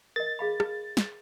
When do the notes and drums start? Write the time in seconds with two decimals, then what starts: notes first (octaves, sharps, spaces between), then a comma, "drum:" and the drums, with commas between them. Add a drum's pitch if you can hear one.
0.16 A#4 D#5 A6
0.39 G#4 F5 B5
0.60 drum: rim click
0.97 drum: snare